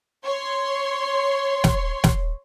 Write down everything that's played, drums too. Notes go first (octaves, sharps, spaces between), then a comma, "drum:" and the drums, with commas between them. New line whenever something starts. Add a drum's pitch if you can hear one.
C#5 C6
drum: snare
drum: snare